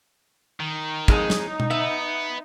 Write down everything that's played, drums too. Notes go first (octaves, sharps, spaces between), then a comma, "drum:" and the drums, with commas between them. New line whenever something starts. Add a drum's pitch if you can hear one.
D#3
F2 G#3 D#4 G#4, drum: kick
drum: snare
drum: tom B2
B3 E5